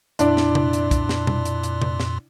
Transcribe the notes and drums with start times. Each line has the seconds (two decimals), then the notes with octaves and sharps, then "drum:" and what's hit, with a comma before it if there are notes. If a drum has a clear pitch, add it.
0.19 F2 A#2 D4 E4 D5 C6, drum: hi-hat
0.37 drum: snare
0.55 drum: tom C3
0.73 drum: hi-hat
0.91 drum: kick, hi-hat
1.09 drum: snare
1.27 drum: tom B2
1.45 drum: hi-hat
1.63 drum: hi-hat
1.82 drum: tom C3
2.00 drum: snare